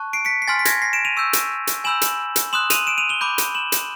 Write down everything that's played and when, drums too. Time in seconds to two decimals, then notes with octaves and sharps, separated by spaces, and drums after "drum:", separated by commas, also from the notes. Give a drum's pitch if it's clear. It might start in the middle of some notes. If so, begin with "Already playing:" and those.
Already playing: A5 C#6 F#6
0.13 C7 D7
0.25 B6 C#7
0.42 C7
0.48 G#5 C6 F6 A6 B6
0.59 B6
0.65 G#6 A#6, drum: hi-hat
0.82 A#6 C7
0.93 D7 E7
1.05 D#7 F7
1.17 C#6 E6 G6
1.33 drum: hi-hat
1.67 drum: hi-hat
1.84 G#5 B5 E6 G6 E7 F#7
2.02 drum: hi-hat
2.36 drum: hi-hat
2.53 C6 D#6 F#6 E7 F#7
2.70 D#7 F7, drum: hi-hat
2.87 D7 E7
2.98 D#7 F7
3.09 F7 G7
3.21 B5 D6 G6
3.38 drum: hi-hat
3.55 E7 F#7
3.72 drum: hi-hat